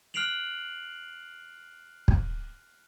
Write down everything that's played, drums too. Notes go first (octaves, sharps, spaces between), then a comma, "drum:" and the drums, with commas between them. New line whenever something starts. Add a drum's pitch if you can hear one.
F6 F#6 C7 D7 F7 F#7
drum: kick